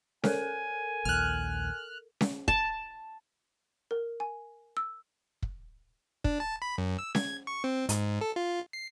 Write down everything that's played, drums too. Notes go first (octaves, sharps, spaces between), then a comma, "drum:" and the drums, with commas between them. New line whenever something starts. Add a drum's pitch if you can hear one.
A4 A#4 G#5, drum: snare C#4
A#1 D#2 F6 F#6
drum: snare C#4
A5, drum: kick
A#4
G#5
E6
drum: kick
D4, drum: kick
A5
B5
F#2
E6
G#6, drum: snare C#4
C#6
C4
G#2, drum: hi-hat
A4
F4
C7